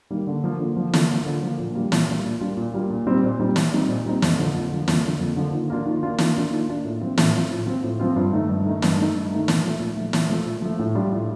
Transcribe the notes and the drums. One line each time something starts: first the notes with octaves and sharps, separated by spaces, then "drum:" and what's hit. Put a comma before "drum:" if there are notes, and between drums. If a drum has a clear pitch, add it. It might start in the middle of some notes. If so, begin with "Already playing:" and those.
D#3 G3 A#3
D3
F3 A#3
D3
F3 A#3
D3, drum: snare
F3 A#3
D3
F3 A#3
A#2
G3 A#3 D4 F4
A#2, drum: snare
G3 A#3 D4 F4
A#2
G3 A#3 D4 F4
A#2
G3 A#3 D4 F4
A#2
G3 C4 D#4
A#2
G3 C4 D#4
A#2, drum: snare
G3 C4 D#4
A#2
G3 C4 D#4
F2, drum: snare
D3 F3 A#3
F2
D3 F3 A#3
F2, drum: snare
D3 F3 A#3
F2
D3 F3 A#3
D#3
A#3 D4 F4
D#3
A#3 D4 F4
D#3, drum: snare
A#3 D4 F4
D#3
A#3 D4 F4
A2
F3 C4 F4
A2, drum: snare
F3 C4 F4
A2
F3 C4 F4
A2
F3 C4 F4
G2
D#3 A3 D#4
G2
D#3 A3 D#4
G2, drum: snare
D#3 A3 D#4
G2
D#3 A3 D#4
A#2, drum: snare
F3 A3
A#2
F3 A3
A#2, drum: snare
F3 A3
A#2
F3 A3
A2
G3 D4 F4
A2